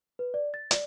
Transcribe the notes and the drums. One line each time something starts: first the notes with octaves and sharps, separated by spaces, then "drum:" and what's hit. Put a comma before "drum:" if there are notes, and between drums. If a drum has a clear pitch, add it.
B4
D5
A6
D5, drum: hi-hat